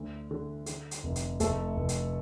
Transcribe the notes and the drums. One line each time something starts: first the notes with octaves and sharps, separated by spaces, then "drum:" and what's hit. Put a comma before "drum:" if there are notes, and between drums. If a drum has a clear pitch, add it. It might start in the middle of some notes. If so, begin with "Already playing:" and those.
Already playing: D2 D3
D3
D3, drum: hi-hat
drum: hi-hat
F1
drum: hi-hat
F1 A3 A4, drum: hi-hat
F1
drum: hi-hat